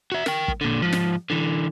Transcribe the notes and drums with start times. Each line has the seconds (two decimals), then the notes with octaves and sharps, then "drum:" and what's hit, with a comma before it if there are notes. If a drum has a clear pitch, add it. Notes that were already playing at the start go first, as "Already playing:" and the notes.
0.12 F#4 E5
0.26 A#4 G5, drum: snare
0.48 drum: kick
0.61 A#2 D3
0.82 G#2 F3
0.93 drum: snare
1.30 D3 E3